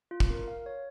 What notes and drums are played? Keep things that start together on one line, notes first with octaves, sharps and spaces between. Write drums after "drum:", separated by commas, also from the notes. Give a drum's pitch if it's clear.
F4
drum: kick
A#4
F5
C#5